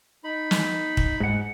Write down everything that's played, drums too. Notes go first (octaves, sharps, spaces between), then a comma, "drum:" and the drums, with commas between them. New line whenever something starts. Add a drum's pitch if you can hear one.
D#4 B5
drum: snare
drum: kick
G#2 F#5